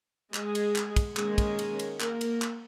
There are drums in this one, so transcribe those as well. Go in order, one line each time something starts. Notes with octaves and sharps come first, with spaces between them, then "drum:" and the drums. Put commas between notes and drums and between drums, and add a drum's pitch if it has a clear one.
G#3 G#4, drum: clap
drum: cymbal
drum: clap
drum: kick, cymbal
D#3 G#3 A#3 C#4 G#4, drum: clap
drum: kick, cymbal
drum: cymbal
drum: cymbal
A#3 A#4, drum: clap
drum: cymbal
drum: clap